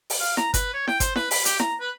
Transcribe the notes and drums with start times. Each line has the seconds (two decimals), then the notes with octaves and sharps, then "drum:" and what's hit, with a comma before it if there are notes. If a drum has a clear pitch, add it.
0.10 drum: open hi-hat
0.20 F5
0.37 A#5, drum: snare E4
0.54 B4, drum: kick G1, hi-hat
0.74 C#5
0.87 G5, drum: snare E4
1.00 C5, drum: kick G1, hi-hat
1.16 B4, drum: snare E4
1.31 B5, drum: open hi-hat
1.45 G4, drum: hi-hat
1.60 A#5, drum: snare E4
1.80 B4